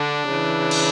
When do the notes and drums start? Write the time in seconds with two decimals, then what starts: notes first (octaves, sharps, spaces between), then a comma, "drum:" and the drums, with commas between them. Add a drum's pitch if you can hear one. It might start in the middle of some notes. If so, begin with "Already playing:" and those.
Already playing: D3 D4
0.28 C#3 E3
0.71 drum: cymbal